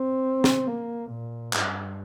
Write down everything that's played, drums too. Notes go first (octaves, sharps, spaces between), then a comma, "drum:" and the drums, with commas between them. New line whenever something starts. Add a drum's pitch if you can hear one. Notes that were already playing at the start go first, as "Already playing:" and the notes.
Already playing: C4
drum: snare
A#3
A#2
G2, drum: clap